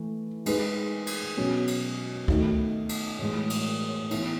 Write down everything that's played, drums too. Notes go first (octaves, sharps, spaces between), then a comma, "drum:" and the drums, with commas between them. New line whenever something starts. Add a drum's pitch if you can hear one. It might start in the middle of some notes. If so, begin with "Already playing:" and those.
Already playing: E3 A3
G#3 D#4 G#4 B4, drum: cymbal
drum: cymbal
B2 F#3 C#4
drum: cymbal
D#3 A3 D#4 F#4, drum: kick
drum: cymbal
A2 E3 G#3
drum: cymbal
E3 B3 E4, drum: cymbal